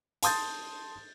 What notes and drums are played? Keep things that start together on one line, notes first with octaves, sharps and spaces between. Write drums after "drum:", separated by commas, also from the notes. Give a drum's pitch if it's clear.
A5 C6 D#6 G6 A6, drum: hi-hat